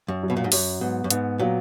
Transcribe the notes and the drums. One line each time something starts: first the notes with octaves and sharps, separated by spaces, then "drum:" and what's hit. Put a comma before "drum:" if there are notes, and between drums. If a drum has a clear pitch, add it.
F#2
F#3
B2
A#2
G#2
F#2 F#3, drum: open hi-hat
G#2 B3
F#2
G#2 B3, drum: hi-hat
A#2 F#3